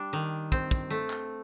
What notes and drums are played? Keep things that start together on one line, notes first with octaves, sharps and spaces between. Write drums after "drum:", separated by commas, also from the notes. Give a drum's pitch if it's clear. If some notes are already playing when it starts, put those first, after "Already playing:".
Already playing: G3 D4
D#3
C4, drum: kick
drum: kick, hi-hat
A3
drum: clap